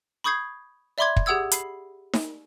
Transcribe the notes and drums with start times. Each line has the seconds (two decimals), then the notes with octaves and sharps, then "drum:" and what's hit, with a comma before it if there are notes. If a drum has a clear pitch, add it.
0.24 B5 C#6 D#6 G6 G#6 C7
0.98 D5 E5 B5 C6 D6 G#6
1.16 drum: kick
1.26 G4 G#4 F#5 D#6 E6 G#6
1.52 B5 C7, drum: hi-hat
2.14 drum: snare D#4